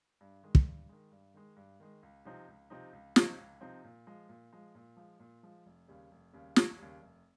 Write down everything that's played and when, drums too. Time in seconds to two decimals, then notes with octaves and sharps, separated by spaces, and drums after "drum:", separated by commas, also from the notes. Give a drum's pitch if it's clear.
0.21 G2
0.43 D#3 G#3
0.55 drum: kick
0.66 G2
0.89 D#3 G#3
1.12 G2
1.34 D#3 G#3
1.56 G2
1.80 D#3 G#3
2.03 C#2
2.25 C3 F3 C4 D#4
2.48 C#2
2.70 C3 F3 C4 D#4
2.93 C#2
3.16 C3 F3 C4 D#4, drum: snare
3.38 C#2
3.61 C3 F3 C4 D#4
3.84 A#2
4.07 F3 G#3
4.29 A#2
4.53 F3 G#3
4.75 A#2
4.97 F3 G#3
5.20 A#2
5.43 F3 G#3
5.66 F1
5.88 D#2 C#3 G3
6.11 F1
6.33 D#2 C#3 G3
6.56 F1, drum: snare
6.78 D#2 C#3 G3
7.02 F1